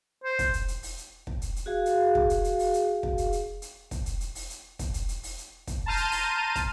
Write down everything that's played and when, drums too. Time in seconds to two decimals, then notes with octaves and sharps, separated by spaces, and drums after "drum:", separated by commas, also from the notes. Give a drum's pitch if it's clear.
0.24 C5
0.39 drum: kick, hi-hat
0.54 drum: hi-hat
0.68 drum: hi-hat
0.83 drum: open hi-hat
0.98 drum: hi-hat
1.27 drum: kick
1.42 drum: hi-hat
1.56 drum: hi-hat
1.66 F#4 G#4 F5
1.86 drum: hi-hat
2.15 drum: kick
2.30 drum: hi-hat
2.44 drum: hi-hat
2.59 drum: open hi-hat
2.74 drum: hi-hat
3.03 drum: kick
3.18 drum: hi-hat
3.32 drum: hi-hat
3.62 drum: hi-hat
3.91 drum: kick, hi-hat
4.06 drum: hi-hat
4.21 drum: hi-hat
4.35 drum: open hi-hat
4.50 drum: hi-hat
4.79 drum: kick, hi-hat
4.94 drum: hi-hat
5.09 drum: hi-hat
5.23 drum: open hi-hat
5.38 drum: hi-hat
5.67 drum: kick, hi-hat
5.86 A5 A#5 C6 F6 G6 D#7
5.97 drum: hi-hat
6.11 drum: open hi-hat
6.55 drum: kick, hi-hat